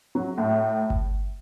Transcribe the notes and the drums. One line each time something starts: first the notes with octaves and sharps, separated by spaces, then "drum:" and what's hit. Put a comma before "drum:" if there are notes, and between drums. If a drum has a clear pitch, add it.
F#3
A2
drum: kick G1